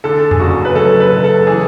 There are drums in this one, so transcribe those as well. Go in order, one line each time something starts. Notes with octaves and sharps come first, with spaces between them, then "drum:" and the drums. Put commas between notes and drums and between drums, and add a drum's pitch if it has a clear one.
D3 A4
G#4, drum: tom F2
F#1 F#4
B4
F#2 A4
B4
F#1
A4
E3 G#4